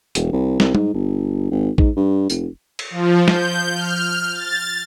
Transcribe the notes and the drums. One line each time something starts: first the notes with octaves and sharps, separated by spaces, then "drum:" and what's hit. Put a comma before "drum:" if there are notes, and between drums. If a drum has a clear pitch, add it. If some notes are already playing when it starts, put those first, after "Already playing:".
E1, drum: hi-hat
C2
C2, drum: snare
G#2, drum: tom
G1
G#1
G#2, drum: kick A1
G2
F1, drum: tambourine
drum: cymbal
F3
G6, drum: snare
F6
A6